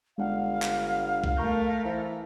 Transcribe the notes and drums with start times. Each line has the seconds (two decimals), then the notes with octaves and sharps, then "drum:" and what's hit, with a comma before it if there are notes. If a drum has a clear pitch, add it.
0.18 G1 G#3 D4 F5 F#5
0.62 drum: clap
1.24 drum: kick
1.37 A3 A#4 A#5 C#6 G6
1.85 E3 C5 E5